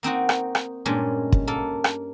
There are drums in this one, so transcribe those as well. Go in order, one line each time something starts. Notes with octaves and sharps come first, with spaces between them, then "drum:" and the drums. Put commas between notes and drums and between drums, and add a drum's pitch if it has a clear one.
A#3 C4 D#4 F#4
drum: rim click
drum: rim click
G2 A#2 G#3 C#4
drum: kick
A#3 A4
drum: rim click